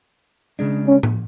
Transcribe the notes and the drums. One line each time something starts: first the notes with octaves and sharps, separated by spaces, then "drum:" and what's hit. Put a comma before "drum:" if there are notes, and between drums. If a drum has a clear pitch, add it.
C#3 G#3 D4
C#4
drum: tom A2